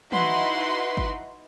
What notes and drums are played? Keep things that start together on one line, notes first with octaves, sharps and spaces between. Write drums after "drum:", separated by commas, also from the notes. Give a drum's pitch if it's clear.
D#4 E4 F#4 B4 F#5 C6, drum: tom
drum: kick